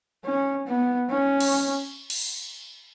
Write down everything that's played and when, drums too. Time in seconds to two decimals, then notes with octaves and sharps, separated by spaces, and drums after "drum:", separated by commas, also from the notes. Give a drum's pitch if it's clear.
0.25 C#4
0.67 B3
1.10 C#4
1.40 drum: cymbal
2.10 drum: cymbal